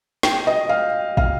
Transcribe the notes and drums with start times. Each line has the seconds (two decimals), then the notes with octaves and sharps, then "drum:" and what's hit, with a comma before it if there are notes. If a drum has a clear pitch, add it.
0.23 G5, drum: snare
0.47 D#5
0.69 F5
1.17 F5, drum: kick